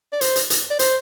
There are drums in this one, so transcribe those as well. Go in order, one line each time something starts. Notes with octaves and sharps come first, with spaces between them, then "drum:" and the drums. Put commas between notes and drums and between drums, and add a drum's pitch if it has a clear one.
D5
C5, drum: hi-hat
drum: hi-hat
drum: hi-hat
D5
C5, drum: hi-hat